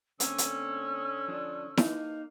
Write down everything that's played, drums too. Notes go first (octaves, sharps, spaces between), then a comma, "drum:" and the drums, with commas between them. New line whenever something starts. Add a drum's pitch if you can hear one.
D3 A#3 C4 C#4 E6, drum: hi-hat
drum: hi-hat
F3 D4
A#3 D#4, drum: snare E4